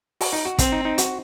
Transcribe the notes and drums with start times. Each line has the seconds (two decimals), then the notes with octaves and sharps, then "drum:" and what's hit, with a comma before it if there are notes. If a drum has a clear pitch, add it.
0.21 F#4, drum: open hi-hat
0.33 D#4
0.45 F#4
0.58 C4, drum: kick, hi-hat
0.72 D#4
0.85 D#4
0.98 F#4, drum: hi-hat